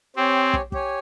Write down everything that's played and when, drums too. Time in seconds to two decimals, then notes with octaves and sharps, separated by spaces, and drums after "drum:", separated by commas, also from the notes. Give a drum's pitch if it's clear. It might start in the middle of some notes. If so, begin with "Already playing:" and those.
0.16 C4 G4 C#5 G#5
0.53 drum: kick
0.72 G4 C#5 G#5, drum: kick